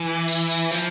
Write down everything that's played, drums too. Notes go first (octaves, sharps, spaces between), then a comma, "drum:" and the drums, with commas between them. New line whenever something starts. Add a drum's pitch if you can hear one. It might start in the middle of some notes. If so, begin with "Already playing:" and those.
Already playing: E3
drum: tambourine
drum: tambourine
F3, drum: tambourine